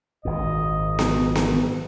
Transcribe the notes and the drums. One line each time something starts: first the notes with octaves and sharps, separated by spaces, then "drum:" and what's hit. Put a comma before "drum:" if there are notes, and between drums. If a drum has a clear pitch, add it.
G#1 A#2 D#5
drum: snare B3
drum: snare B3